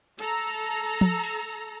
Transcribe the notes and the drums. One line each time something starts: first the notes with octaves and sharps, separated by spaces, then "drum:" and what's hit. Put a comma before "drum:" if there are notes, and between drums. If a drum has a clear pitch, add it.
A4 A#5, drum: hi-hat
drum: tom
drum: open hi-hat